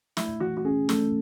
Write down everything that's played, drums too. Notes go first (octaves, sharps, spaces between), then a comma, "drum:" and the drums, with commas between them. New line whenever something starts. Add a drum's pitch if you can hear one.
A3 E4, drum: snare
E3 F#4
F#4
C#4 G#4
A3 A4, drum: snare